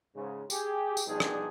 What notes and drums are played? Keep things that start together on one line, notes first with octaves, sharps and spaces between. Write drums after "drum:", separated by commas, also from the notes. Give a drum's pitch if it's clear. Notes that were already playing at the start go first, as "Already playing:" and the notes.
G#2 C#3
G4 G#4, drum: tambourine
drum: tambourine
B2 F3 G3 D4 D#4 G#4
drum: rim click